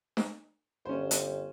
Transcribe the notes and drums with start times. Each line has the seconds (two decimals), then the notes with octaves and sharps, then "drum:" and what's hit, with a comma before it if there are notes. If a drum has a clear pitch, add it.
0.17 drum: snare
0.85 G1 C#4 C5
1.11 drum: hi-hat